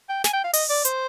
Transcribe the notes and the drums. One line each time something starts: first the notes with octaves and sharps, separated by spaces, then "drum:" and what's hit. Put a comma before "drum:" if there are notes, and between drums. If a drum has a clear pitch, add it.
G5
G#5, drum: snare
G5
F5
D#5, drum: open hi-hat
D5
C5, drum: hi-hat